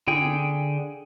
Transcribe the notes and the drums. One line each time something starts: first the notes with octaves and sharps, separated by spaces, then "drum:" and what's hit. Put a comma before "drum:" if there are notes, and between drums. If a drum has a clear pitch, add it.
D3 G#4 G5, drum: tom